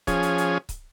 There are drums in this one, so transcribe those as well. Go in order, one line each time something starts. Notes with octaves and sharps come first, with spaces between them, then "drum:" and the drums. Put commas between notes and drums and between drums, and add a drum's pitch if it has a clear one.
F3 C#4 G#4, drum: kick C#1, hi-hat
drum: hi-hat
drum: hi-hat
drum: kick C#1, hi-hat